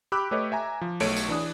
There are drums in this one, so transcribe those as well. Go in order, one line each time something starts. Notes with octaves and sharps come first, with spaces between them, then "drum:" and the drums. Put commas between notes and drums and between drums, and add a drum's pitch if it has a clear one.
G4 B5 D6 E6 F#6
A3 G4 B4 C#5 D#5
E5 G#5 A#5
F3
B1 A3 C#5 D7 D#7, drum: open hi-hat
drum: tambourine
E3 D4 D#6